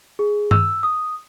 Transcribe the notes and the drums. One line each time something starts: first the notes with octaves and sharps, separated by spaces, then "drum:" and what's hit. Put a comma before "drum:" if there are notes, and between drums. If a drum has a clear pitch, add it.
G#4
E6, drum: tom G2
D#6